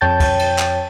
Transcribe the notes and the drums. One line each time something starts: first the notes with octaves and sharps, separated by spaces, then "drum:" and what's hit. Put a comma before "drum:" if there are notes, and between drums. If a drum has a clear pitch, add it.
F2 C#5 G5 A5 G6 A6
drum: kick, cymbal
drum: cymbal
drum: clap